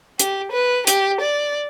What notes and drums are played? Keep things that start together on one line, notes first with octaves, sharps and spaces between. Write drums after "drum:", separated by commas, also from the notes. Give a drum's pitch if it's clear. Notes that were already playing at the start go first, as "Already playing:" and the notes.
G4, drum: hi-hat
B4
G4, drum: hi-hat
D5